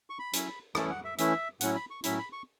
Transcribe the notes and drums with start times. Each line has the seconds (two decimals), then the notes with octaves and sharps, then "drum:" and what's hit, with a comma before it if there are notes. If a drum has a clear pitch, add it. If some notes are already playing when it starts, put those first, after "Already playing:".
0.10 C#6
0.19 B5
0.33 F#3 C#4 E4, drum: hi-hat
0.75 E3 A3 C#4 E4 A5, drum: rim click
0.90 F#5
1.04 E5
1.18 E3 A3 C#4 E4 E5, drum: hi-hat
1.61 A2 F#3 C#4 E4 F#5, drum: hi-hat
1.75 B5
1.90 C#6
2.04 A2 F#3 C#4 E4 B5, drum: hi-hat
2.19 B5
2.32 C#6